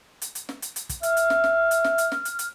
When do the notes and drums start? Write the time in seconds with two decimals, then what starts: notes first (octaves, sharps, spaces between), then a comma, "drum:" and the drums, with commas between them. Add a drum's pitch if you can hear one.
0.22 drum: hi-hat
0.35 drum: hi-hat
0.49 drum: snare
0.62 drum: hi-hat
0.76 drum: hi-hat
0.89 drum: kick, hi-hat
1.03 E5 F6, drum: hi-hat
1.17 drum: hi-hat
1.30 drum: snare
1.44 drum: snare
1.71 drum: hi-hat
1.84 drum: snare
1.98 drum: hi-hat
2.12 drum: snare
2.25 drum: hi-hat
2.39 drum: hi-hat